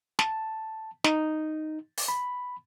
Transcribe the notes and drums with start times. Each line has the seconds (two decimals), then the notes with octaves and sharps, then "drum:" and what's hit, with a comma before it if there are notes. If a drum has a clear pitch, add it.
0.19 A5, drum: snare
1.04 D#4, drum: snare
1.97 drum: open hi-hat
2.08 B5